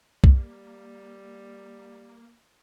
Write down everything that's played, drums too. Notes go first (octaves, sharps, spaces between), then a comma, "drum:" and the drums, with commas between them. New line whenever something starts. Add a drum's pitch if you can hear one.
G3 A#3, drum: kick